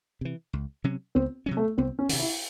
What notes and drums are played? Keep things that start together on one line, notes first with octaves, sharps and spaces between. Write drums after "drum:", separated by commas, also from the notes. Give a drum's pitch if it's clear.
C3 E3
C#2
C3 F#3 C#4
C#2 C4
C3 F#3 C#4
A3
C2 C4
C#4
C3 D#3, drum: open hi-hat
E4